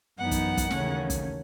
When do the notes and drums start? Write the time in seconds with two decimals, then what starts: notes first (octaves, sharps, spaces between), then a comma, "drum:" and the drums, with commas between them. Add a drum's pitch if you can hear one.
0.18 F#2 E3 B3 D#4 F#5
0.31 drum: kick, hi-hat
0.57 drum: kick, hi-hat
0.70 D#2 C#3 E3 A3 C#4, drum: snare
1.10 drum: kick, hi-hat